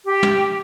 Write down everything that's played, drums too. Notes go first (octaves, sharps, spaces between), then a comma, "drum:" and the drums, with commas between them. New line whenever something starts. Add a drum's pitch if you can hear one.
G4
drum: tom